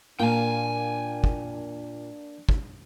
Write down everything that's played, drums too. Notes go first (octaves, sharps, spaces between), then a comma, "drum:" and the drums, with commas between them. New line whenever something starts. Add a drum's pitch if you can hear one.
A#2 A#3 D4 F4 G5 G#5
drum: kick
drum: kick